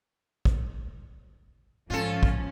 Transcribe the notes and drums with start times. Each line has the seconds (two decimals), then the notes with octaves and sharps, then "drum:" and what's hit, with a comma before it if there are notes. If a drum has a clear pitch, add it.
0.45 drum: kick
1.90 G#2 F3 C#4 F4 A4
2.23 drum: kick